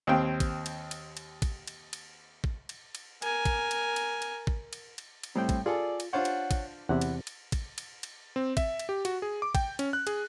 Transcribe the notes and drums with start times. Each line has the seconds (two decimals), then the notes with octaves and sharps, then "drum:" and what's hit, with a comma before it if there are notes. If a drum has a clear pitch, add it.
0.07 D#2 C4 G5
0.40 drum: kick, cymbal
0.66 drum: cymbal
0.91 drum: cymbal
1.17 drum: cymbal
1.42 drum: kick, cymbal
1.67 drum: cymbal
1.93 drum: cymbal
2.44 drum: kick
2.69 drum: cymbal
2.95 drum: cymbal
3.22 A#4 G#5, drum: cymbal
3.45 drum: kick, cymbal
3.71 drum: cymbal
3.96 drum: cymbal
4.22 drum: cymbal
4.47 drum: kick
4.73 drum: cymbal
4.98 drum: cymbal
5.23 drum: cymbal
5.36 A2 G3 C4 G5
5.49 drum: kick, cymbal
5.66 F4 G#4 A4 D5
6.00 drum: cymbal
6.13 D4 F4 C5 C#5 F#5
6.25 drum: cymbal
6.51 drum: kick, cymbal
6.89 E2 C3 E4 F#5
7.01 drum: cymbal
7.27 drum: cymbal
7.52 drum: kick, cymbal
7.78 drum: cymbal
8.03 drum: cymbal
8.36 C4
8.57 E5, drum: kick, cymbal
8.79 drum: cymbal
8.89 G4
9.05 F#4, drum: cymbal
9.22 G#4
9.42 D6
9.55 G5, drum: kick, cymbal
9.79 C#4, drum: cymbal
9.93 F#6
10.07 G#4, drum: cymbal